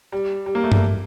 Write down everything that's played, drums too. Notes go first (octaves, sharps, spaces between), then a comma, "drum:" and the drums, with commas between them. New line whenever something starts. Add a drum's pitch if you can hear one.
G3
G3
A#3
A3
G3, drum: tom G2